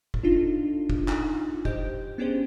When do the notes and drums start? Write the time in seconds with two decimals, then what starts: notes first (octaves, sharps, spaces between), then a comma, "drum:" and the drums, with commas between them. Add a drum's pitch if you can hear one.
0.14 drum: kick F1
0.23 D4 D#4 F4 A4
0.90 drum: kick F1
1.08 drum: clap
1.65 G4 C5 D#5 G6, drum: kick F1
2.18 B3 C#4 D4 G4 G#4 C5